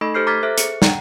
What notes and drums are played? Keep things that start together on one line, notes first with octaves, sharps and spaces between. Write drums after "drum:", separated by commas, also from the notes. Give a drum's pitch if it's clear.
A3 D#4 A4 D#5 B5 C#6
G4 A4 C5 F6 G6 C7
A#5 D6 F6 G#6 A6 B6
A4 C5 E5 F#6
G#4 C#7, drum: hi-hat
F#5 G5 A#5, drum: snare